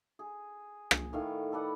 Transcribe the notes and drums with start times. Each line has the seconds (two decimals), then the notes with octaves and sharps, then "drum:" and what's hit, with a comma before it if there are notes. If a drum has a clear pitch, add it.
0.19 G#4
0.91 drum: rim click
1.13 A2 D#3 F5
1.52 A4 B4 D5 F#5